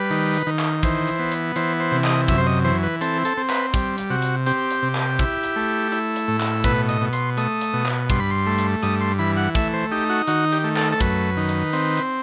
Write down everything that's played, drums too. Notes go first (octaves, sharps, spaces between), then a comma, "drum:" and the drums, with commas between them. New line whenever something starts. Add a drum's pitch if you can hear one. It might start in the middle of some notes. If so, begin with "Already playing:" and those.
Already playing: G3 B4
D#3, drum: hi-hat
drum: hi-hat
D#3
drum: clap
E3 C5, drum: kick, hi-hat
drum: hi-hat
B3
drum: hi-hat
E3 C5, drum: hi-hat
C5
C3
D#5, drum: clap
F#2 E5, drum: kick, hi-hat
C5
D#5
E3 C5
B4
C4 A4, drum: hi-hat
A4, drum: hi-hat
C4
B4, drum: clap
G3, drum: kick, hi-hat
drum: hi-hat
C3 F#4
drum: hi-hat
C4 G4, drum: hi-hat
drum: hi-hat
C3
drum: clap
E4, drum: kick, hi-hat
drum: hi-hat
A3
E4, drum: hi-hat
drum: hi-hat
A2
drum: clap
B2 B4, drum: kick, hi-hat
D#5, drum: hi-hat
B2
C6, drum: hi-hat
A3 D#6, drum: hi-hat
drum: hi-hat
B2
drum: clap
G2 C6, drum: kick, hi-hat
B5
C6
A3
drum: hi-hat
G2 D#6, drum: hi-hat
C6
E3 B5
F#5
A3 E5, drum: kick, hi-hat
C5
D#4 G4
F#4
D#3 F#4, drum: hi-hat
G4, drum: hi-hat
A3
A4, drum: clap
A4
F#2 B4, drum: kick, hi-hat
D#3
drum: hi-hat
C4, drum: hi-hat
drum: hi-hat